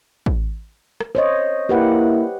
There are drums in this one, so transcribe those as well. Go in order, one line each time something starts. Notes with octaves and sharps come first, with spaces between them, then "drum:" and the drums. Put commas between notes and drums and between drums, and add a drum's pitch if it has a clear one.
drum: kick A1
drum: rim click
C5 C#5 D#5
A#3 E4 G4 B4 F#5